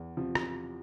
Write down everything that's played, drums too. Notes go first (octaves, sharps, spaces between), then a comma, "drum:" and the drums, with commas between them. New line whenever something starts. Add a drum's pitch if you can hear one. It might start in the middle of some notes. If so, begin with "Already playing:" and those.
Already playing: E2
C3 F3
drum: rim click